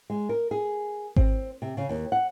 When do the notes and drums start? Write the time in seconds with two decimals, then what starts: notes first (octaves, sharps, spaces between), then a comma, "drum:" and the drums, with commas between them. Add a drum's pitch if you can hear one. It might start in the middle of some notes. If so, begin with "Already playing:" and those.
0.10 G#3
0.29 A#4
0.51 G#4
1.16 C4, drum: kick G#1
1.62 C3
1.77 C#3
1.89 D#2
2.12 F#5